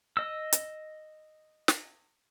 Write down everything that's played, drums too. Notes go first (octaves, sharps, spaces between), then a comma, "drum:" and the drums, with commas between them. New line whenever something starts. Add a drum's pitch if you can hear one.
D#5 E6
drum: hi-hat
drum: snare